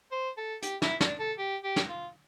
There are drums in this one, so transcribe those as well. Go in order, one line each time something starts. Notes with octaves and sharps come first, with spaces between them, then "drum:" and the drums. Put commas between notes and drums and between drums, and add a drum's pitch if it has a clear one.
C5
A4
G4, drum: hi-hat
E4, drum: snare
D4, drum: snare
A4
G4
G4
drum: snare
F4